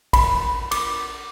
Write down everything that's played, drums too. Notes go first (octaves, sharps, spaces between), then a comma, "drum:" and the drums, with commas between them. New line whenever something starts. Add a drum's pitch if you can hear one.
B5, drum: kick, cymbal
D6, drum: cymbal